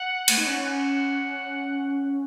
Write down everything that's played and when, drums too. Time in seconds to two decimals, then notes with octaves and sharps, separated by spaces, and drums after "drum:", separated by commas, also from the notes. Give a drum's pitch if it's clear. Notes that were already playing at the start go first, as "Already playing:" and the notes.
Already playing: F#5
0.28 A3, drum: cymbal
0.38 D#4
0.47 C#4
0.66 F#5